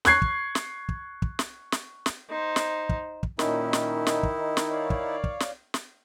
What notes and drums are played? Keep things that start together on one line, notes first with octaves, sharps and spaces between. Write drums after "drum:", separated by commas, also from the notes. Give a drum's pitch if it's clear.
C#6 F#6 G#6 C7, drum: snare
drum: kick
drum: snare
drum: kick
drum: kick
drum: snare
drum: snare
drum: snare
D#4 C5
drum: snare
drum: kick
drum: kick
A#2 D#3 C#4 D#4 E4, drum: snare
drum: snare
drum: snare
drum: kick
drum: snare
C#5 D5 F5
drum: kick
drum: kick
drum: snare
drum: snare